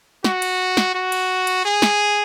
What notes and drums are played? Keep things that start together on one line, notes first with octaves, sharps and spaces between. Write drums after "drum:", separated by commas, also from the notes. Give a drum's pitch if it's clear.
F#4, drum: snare
drum: cymbal
drum: snare
F#4
drum: cymbal
drum: cymbal
G#4
drum: snare